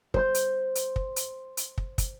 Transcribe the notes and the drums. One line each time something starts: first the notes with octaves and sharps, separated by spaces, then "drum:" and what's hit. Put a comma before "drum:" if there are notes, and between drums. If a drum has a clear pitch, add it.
C5 C6 G6, drum: kick
drum: hi-hat
drum: hi-hat
drum: kick
drum: hi-hat
drum: hi-hat
drum: kick
drum: kick, hi-hat